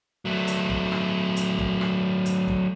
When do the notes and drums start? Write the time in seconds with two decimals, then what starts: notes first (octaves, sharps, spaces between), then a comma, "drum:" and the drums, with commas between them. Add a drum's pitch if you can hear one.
0.25 F#3 A3
0.47 drum: hi-hat
0.70 drum: kick
0.92 drum: rim click
1.36 drum: hi-hat
1.59 drum: kick
1.81 drum: rim click
2.26 drum: hi-hat
2.48 drum: kick